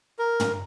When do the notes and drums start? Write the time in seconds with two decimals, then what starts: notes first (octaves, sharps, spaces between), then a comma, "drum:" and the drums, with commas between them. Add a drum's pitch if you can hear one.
0.19 A#4
0.40 drum: tom